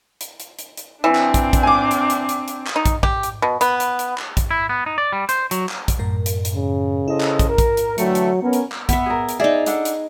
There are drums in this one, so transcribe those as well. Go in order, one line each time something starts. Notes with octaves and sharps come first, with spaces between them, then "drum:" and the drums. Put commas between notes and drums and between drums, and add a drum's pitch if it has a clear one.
drum: hi-hat
drum: hi-hat
drum: hi-hat
drum: hi-hat
E3 C4 D4
drum: clap
drum: kick, hi-hat
drum: kick, hi-hat
G#5 D6
drum: hi-hat
drum: hi-hat
drum: hi-hat
drum: hi-hat
drum: clap
D#4
drum: kick, hi-hat
G4, drum: kick
drum: hi-hat
B2
B3, drum: hi-hat
drum: hi-hat
drum: hi-hat
drum: clap
drum: kick, hi-hat
E4
B3
D#4
D5
G3
C5, drum: hi-hat
F#3, drum: hi-hat
drum: clap
drum: kick, hi-hat
F#2 A2 A#4
drum: hi-hat
drum: hi-hat
C#3
E4 A4 C5 D#5
drum: clap
drum: kick, hi-hat
A#4
drum: kick, hi-hat
drum: hi-hat
D3 E3 F#3 A3 G5 A#5 C#7, drum: hi-hat
drum: hi-hat
B3 C#4 A#4
drum: hi-hat
drum: clap
B3 E5, drum: kick, hi-hat
G#4 A#4
drum: hi-hat
D#4 G#4 D5 E5
D4 A4 F#5, drum: hi-hat
drum: hi-hat